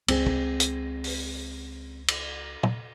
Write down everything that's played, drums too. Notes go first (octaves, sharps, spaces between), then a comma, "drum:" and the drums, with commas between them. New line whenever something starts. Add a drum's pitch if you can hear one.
C#2 C4 G#4, drum: cymbal
drum: kick
drum: hi-hat
drum: open hi-hat
drum: cymbal
drum: tom